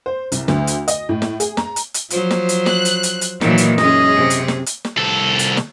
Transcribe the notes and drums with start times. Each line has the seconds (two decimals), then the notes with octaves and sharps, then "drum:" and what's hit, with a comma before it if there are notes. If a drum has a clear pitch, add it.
0.06 C5
0.32 C2, drum: hi-hat
0.48 D2, drum: snare
0.67 drum: hi-hat
0.88 D#5, drum: hi-hat
1.09 A2
1.22 drum: snare
1.40 G#4, drum: hi-hat
1.57 A#5, drum: snare
1.76 drum: hi-hat
1.94 drum: hi-hat
2.10 F3 F#3 C5, drum: hi-hat
2.31 drum: snare
2.49 drum: hi-hat
2.66 F#6, drum: snare
2.85 drum: hi-hat
3.03 drum: hi-hat
3.21 drum: hi-hat
3.41 A#2 D#3 E3 F#3 A#3, drum: snare
3.58 drum: hi-hat
3.78 F#2 G#3 C#4 G#4 D#5, drum: snare
4.16 C3
4.30 drum: hi-hat
4.48 drum: snare
4.66 drum: hi-hat
4.85 drum: snare
4.98 C2 A4
5.39 drum: hi-hat
5.57 drum: snare